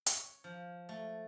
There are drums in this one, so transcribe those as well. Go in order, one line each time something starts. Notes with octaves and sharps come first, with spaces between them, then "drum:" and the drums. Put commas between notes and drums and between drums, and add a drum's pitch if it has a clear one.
C#5, drum: hi-hat
F3
A3